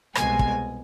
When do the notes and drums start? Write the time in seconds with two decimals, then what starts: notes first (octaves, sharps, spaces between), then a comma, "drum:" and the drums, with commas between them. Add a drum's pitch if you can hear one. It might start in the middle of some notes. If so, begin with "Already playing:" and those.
0.15 C2 B2 G#3 G#5, drum: rim click
0.39 drum: kick